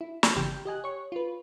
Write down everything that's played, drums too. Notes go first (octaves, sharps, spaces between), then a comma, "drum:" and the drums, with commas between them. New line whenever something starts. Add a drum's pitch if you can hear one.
E4
F6, drum: snare
G1 C#3 E3 G4 G5 G6
G4 D#5 G#5 F#6
C#5 C#6
F4 B4